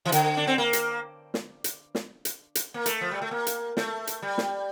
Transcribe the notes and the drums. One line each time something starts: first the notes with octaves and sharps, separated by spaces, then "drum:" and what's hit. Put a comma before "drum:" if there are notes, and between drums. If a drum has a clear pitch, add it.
E3
D3, drum: hi-hat
D4
C4
A#3
drum: hi-hat
drum: snare
drum: hi-hat
drum: snare
drum: hi-hat
drum: hi-hat
A#3
A3, drum: hi-hat
F3
G3
A3
A#3
drum: hi-hat
A3, drum: snare
drum: hi-hat
G3
drum: snare